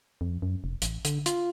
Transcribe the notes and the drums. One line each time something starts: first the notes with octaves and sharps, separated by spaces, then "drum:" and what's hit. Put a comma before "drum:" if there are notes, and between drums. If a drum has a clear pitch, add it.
F2
F#2
F1
A1, drum: hi-hat
D3, drum: hi-hat
F4, drum: hi-hat